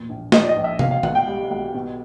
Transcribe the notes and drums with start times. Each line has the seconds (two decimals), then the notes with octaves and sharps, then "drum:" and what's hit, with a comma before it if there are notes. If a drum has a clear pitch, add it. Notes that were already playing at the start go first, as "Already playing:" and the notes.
Already playing: E1 A#2
0.09 A#1
0.32 F3 D#5, drum: snare
0.43 D5
0.49 D#5
0.56 A#1
0.64 E5
0.79 B2 F5, drum: tom C3
0.91 F5
1.03 B1 F#5, drum: tom D3
1.15 G5
1.27 G3
1.50 B1
1.75 B2